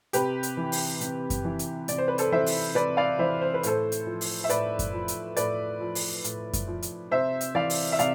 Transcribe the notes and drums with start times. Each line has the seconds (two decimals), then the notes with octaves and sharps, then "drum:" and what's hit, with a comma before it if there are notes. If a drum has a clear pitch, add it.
0.13 C3 G4 B4, drum: hi-hat
0.43 drum: hi-hat
0.57 E3
0.72 drum: open hi-hat
1.01 C3, drum: hi-hat
1.30 drum: kick F#2, hi-hat
1.45 E3
1.59 drum: hi-hat
1.88 C3 D5, drum: hi-hat
1.98 C5
2.08 B4
2.18 A4 C5, drum: hi-hat
2.32 E3 C5 E5
2.46 drum: open hi-hat
2.75 C3 B4 D5
2.97 D5 F5
3.19 E3 C5 E5
3.41 C5
3.54 B4
3.63 A2 A4 C5, drum: hi-hat
3.92 drum: hi-hat
4.06 F3
4.21 drum: open hi-hat
4.44 E5
4.49 A2 B4 D5, drum: hi-hat
4.79 drum: kick F#2, hi-hat
4.93 F3
5.08 drum: hi-hat
5.37 A2 B4 D5, drum: hi-hat
5.80 F3
5.95 drum: open hi-hat
6.24 A2, drum: hi-hat
6.53 drum: kick F#2, hi-hat
6.68 F3
6.82 drum: hi-hat
7.11 C3 C5 E5
7.41 drum: hi-hat
7.55 E3 D5 F5
7.70 drum: open hi-hat
7.92 E5
7.99 C3 D5 F5, drum: hi-hat